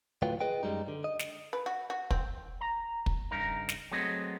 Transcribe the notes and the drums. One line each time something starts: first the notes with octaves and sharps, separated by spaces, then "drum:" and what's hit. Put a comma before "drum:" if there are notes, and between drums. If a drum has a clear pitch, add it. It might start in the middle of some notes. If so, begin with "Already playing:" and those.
D2 A2 F#3 F4 B4 G5
G#4 B4 D#5 G5
F#2 G3 G#3 D#4
D3
D#5
drum: snare
B4
F#4
F#4
C4, drum: kick
A#5
drum: kick
G2 C#3 D#4 A#4 A#5
drum: snare
F#3 A3 B3 C4 G#4 D#5